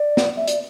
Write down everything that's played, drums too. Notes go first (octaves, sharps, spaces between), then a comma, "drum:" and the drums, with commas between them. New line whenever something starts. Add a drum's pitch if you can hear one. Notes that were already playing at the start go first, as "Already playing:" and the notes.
Already playing: D5
drum: snare
E5
D5, drum: hi-hat